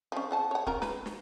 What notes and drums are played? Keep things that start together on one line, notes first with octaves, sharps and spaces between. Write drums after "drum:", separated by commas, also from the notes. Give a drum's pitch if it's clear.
F3 C#4
F3 F#5 A5
C#5 F#5
C#4 F4 A#4, drum: kick D1
B4, drum: snare
drum: snare